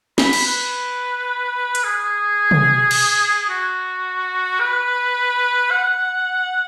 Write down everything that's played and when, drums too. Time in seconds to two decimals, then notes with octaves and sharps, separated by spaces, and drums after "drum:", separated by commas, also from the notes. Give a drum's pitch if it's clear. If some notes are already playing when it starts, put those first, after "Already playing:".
0.18 B5, drum: snare
0.33 drum: cymbal
0.46 B4
1.75 drum: hi-hat
1.84 G#4
2.51 drum: tom
2.91 drum: cymbal
3.49 F#4
4.60 B4
5.71 F#5